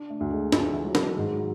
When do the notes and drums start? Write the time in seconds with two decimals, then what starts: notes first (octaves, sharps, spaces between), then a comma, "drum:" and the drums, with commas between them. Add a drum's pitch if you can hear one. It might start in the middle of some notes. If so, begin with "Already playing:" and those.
Already playing: D4
0.10 A3
0.20 D2
0.31 G#3
0.52 D2 F3, drum: snare
0.73 E3
0.85 F#3
0.95 D#3, drum: snare
1.16 G#2 D#3
1.33 F#3